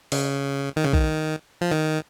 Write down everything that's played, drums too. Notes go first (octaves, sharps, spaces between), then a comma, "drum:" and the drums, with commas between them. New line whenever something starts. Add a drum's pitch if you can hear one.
C#3, drum: open hi-hat
D#3
C#3
D#3, drum: kick A#1
F3
D#3